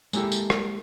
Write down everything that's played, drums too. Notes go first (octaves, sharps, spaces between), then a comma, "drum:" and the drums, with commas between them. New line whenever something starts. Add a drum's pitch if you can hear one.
G#3 A#3 E4 G4 A4, drum: tambourine
drum: tambourine
drum: rim click